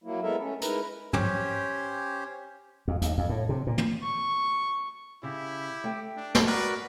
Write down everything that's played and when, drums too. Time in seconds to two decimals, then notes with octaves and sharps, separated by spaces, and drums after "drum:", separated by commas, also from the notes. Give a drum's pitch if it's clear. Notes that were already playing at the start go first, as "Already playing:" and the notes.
0.04 F#3 A#3 E4
0.22 G#3 B3 E4 A4 A#4 E5
0.39 A3 C#4
0.61 G#3 D#4 E4 A#4 B4 A#5, drum: hi-hat
1.13 C#4 G4 C5 C#5, drum: tom
2.88 F2
3.02 D#2, drum: hi-hat
3.18 F2
3.29 A2
3.49 C3
3.67 A#2
3.78 drum: tom
4.03 C#6
5.23 C#3 E4 G4
5.84 A3 G5
6.17 D4
6.35 drum: snare
6.47 F#4 A#4 B4 D5